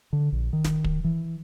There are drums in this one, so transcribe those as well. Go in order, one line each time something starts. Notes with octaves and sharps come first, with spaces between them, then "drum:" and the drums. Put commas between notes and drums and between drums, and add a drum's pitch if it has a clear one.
D3
A#1
D#3
drum: snare
drum: kick
E3